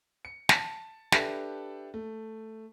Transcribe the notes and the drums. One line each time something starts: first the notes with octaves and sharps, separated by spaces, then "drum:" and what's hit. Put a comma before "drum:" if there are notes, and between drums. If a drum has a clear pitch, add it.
C#7
A5, drum: snare
D4 G4 A4 B4 E5, drum: snare
A3